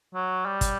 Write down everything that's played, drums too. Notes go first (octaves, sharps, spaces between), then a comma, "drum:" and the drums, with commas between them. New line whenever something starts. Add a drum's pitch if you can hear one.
F#3
G3
drum: kick, hi-hat